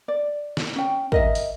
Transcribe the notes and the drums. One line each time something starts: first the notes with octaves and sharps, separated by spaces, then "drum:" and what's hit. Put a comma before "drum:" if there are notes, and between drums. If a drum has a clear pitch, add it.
D5
drum: snare
C#4 G5
A#4 D#5 E5, drum: kick
drum: open hi-hat